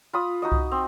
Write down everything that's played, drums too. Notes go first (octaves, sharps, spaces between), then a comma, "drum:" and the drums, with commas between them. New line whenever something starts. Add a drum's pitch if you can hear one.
F4 B5 D#6
D#4 F#4 D#5
drum: kick C2
C4